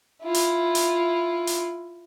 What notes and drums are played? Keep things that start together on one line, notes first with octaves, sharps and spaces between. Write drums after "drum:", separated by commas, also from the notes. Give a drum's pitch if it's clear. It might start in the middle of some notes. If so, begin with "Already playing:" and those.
E4 F4
drum: hi-hat
drum: hi-hat
drum: hi-hat